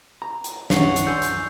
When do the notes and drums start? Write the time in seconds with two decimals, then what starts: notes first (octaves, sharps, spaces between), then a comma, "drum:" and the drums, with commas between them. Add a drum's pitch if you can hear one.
0.22 A#5
0.44 drum: hi-hat
0.70 F#2 E3 C#4 F#5 C#6 C7 F7, drum: snare
0.96 drum: hi-hat
1.07 D5 G#5 C6 E6 G6 C7
1.22 drum: hi-hat